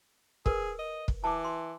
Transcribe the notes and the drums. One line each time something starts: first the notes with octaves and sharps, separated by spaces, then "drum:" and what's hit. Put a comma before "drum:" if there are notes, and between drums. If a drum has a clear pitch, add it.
G#4 A#4 B4, drum: kick
D#5
drum: kick
E3 A5 D6
C6